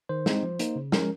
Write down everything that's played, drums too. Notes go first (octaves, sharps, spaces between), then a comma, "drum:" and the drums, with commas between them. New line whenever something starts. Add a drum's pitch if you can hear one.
D#3 C5
G#3 C4 D#4, drum: snare
F3
A#3 D#4, drum: hi-hat
C#3
F3 G#3 C#4 A#4, drum: snare